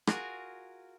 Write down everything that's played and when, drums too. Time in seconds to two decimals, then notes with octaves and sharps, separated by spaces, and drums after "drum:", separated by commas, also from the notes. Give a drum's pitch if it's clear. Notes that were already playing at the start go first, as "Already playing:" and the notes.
0.07 F4 F#4 G#4 A#4 G#5, drum: rim click